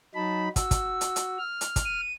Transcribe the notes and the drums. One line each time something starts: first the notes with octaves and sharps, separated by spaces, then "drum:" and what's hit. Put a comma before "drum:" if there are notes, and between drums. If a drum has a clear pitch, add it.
F#3 D#4 A5 B5
F#4 E6, drum: kick, hi-hat
drum: kick, hi-hat
drum: hi-hat
drum: hi-hat
F6
drum: hi-hat
drum: kick, hi-hat
D#7